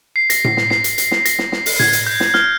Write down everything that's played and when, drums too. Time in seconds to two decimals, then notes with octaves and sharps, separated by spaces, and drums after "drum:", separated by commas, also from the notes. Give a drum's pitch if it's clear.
0.16 C7
0.30 A#6, drum: hi-hat
0.45 C7, drum: tom A2
0.57 drum: snare
0.70 C7, drum: snare
0.84 drum: hi-hat
0.98 drum: hi-hat
1.11 drum: snare
1.25 A#6, drum: hi-hat
1.39 drum: snare
1.52 drum: snare
1.66 drum: open hi-hat
1.80 G#6, drum: tom A2
1.93 drum: hi-hat
2.07 G6
2.20 drum: snare
2.34 F6, drum: snare